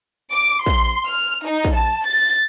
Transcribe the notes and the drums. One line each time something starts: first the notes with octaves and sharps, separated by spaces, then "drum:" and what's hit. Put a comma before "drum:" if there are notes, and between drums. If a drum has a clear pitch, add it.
D6
C6, drum: kick
F6
D#4
drum: kick
A5
A6